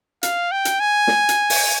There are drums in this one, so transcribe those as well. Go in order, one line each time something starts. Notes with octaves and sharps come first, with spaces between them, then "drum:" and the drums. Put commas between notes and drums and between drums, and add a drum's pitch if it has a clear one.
F5, drum: hi-hat
G5
drum: hi-hat
G#5
drum: snare
drum: hi-hat
drum: open hi-hat